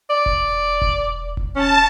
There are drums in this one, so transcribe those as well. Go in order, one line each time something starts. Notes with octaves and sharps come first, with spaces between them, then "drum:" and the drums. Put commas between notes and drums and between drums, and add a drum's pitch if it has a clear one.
D5
drum: kick E1
drum: kick E1
drum: kick E1
C#4 A5